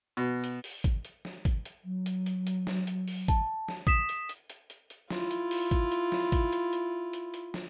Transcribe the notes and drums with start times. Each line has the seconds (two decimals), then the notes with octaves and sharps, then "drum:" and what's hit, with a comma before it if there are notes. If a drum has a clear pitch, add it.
0.17 B2
0.44 drum: hi-hat
0.64 drum: open hi-hat
0.84 drum: kick G#1, hi-hat
1.05 drum: hi-hat
1.25 drum: snare
1.45 drum: kick G#1, hi-hat
1.65 drum: hi-hat
1.85 F#3
2.06 drum: hi-hat
2.26 drum: hi-hat
2.47 drum: hi-hat
2.67 drum: snare
2.87 drum: hi-hat
3.08 drum: open hi-hat
3.28 A5, drum: kick G#1, hi-hat
3.68 drum: snare
3.87 D#6 B6 E7, drum: kick G#1, hi-hat
4.09 drum: hi-hat
4.29 drum: hi-hat
4.50 drum: hi-hat
4.70 drum: hi-hat
4.90 drum: hi-hat
5.10 E4 F4, drum: snare
5.31 drum: hi-hat
5.51 drum: open hi-hat
5.71 drum: kick G#1, hi-hat
5.92 drum: hi-hat
6.12 drum: snare
6.32 drum: kick G#1, hi-hat
6.53 drum: hi-hat
6.73 drum: hi-hat
7.13 drum: hi-hat
7.34 drum: hi-hat
7.54 drum: snare